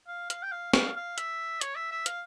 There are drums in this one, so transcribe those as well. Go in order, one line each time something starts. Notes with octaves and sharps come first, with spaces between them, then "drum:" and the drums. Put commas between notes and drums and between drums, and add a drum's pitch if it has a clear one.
F5
F5, drum: hi-hat
G5
F5
F5, drum: snare
F5
E5, drum: hi-hat
C#5, drum: hi-hat
E5
E5
F5, drum: hi-hat